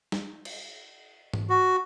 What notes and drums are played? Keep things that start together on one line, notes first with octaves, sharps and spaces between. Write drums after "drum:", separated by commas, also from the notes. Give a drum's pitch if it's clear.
drum: snare
drum: cymbal
drum: tom G#2
F#4